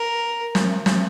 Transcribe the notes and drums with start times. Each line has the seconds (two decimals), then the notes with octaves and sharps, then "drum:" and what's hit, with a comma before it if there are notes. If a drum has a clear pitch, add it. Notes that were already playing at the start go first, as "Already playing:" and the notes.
Already playing: A#4
0.55 drum: snare
0.86 drum: snare